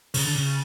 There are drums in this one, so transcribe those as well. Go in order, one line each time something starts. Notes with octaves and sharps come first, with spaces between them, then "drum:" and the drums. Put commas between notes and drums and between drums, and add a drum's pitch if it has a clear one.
C#3, drum: open hi-hat
D3
C#3